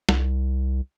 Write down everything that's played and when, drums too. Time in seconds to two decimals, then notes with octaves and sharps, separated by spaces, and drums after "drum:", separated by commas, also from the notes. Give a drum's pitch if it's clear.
0.09 C2, drum: snare